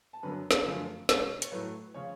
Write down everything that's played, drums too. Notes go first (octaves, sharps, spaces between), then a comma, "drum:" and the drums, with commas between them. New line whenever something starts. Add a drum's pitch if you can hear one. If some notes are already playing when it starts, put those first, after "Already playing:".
A5
F#2 D3 F#3 B3 B4 B5
drum: snare
F#2 D3 F3 A3 F4 F5
B2 G#3 B3 C#5, drum: snare
C#5, drum: hi-hat
A2 F#3 A3 B4
C#3 F3 C#5